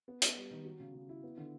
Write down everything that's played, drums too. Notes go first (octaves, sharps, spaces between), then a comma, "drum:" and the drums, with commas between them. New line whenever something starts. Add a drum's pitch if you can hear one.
B3
B3, drum: hi-hat
G3
D#3
F#3
C#3
C#3
E4
B3
D3